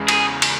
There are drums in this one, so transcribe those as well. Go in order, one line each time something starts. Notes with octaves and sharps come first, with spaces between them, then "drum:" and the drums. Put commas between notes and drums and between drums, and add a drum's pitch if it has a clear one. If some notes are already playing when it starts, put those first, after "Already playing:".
Already playing: E2 C#3 G#3
G#4, drum: cymbal
drum: cymbal